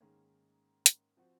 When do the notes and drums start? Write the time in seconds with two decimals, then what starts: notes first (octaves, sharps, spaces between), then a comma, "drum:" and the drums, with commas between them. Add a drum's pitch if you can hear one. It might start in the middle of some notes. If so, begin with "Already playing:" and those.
0.01 G#2 D#3 A#3 C#4 G#4
0.86 drum: hi-hat
1.17 F3 C4 F#4